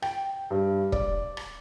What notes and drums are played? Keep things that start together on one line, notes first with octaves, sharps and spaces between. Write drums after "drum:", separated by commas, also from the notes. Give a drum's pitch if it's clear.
G5, drum: rim click
G2
D5, drum: kick E1
drum: rim click